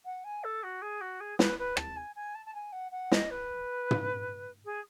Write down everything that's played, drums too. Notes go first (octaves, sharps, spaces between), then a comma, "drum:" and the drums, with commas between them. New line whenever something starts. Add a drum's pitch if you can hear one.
F#5
G#5
A4
F#4
G#4
F#4
G#4
B4, drum: snare
B4
A5, drum: rim click
G#5
G#5
A5
A5
G#5
F#5
F#5
D#5, drum: snare
B4
drum: tom
G#4